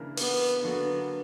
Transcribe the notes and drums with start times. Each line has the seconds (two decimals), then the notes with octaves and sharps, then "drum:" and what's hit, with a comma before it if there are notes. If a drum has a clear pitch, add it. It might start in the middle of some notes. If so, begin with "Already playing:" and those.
Already playing: C#3 E3 A#3 D4 A#4
0.17 B3, drum: open hi-hat
0.63 D3 F#3 A#3 B3 D4 F#4